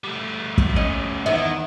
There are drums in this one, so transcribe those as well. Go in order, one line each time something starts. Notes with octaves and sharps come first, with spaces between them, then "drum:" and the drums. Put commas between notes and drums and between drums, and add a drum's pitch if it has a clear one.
G3 A3
drum: kick
C#4 D#5
E2 D#3 B3 D#4 E4